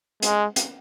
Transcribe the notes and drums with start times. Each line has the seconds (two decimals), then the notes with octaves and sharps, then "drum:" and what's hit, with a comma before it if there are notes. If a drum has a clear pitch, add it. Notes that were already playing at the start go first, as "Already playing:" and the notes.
0.22 G#3, drum: hi-hat
0.56 drum: hi-hat